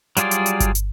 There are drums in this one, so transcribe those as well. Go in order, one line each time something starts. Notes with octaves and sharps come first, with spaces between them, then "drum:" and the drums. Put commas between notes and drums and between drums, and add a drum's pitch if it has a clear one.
F#3 G3 F4 G#4 D5, drum: hi-hat
drum: hi-hat
drum: hi-hat
drum: kick G1, hi-hat
drum: hi-hat